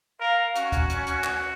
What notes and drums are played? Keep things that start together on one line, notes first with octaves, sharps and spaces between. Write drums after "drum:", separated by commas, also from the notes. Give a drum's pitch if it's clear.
A#4 F5
C#4 F#4, drum: hi-hat
drum: kick, hi-hat
drum: hi-hat
drum: hi-hat
drum: clap